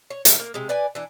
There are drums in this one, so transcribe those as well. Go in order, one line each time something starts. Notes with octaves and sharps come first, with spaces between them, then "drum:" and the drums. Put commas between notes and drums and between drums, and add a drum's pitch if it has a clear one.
C#5
D#3 A3, drum: hi-hat
A#3
C3 G#3
B4 D5 G#5
E3 D4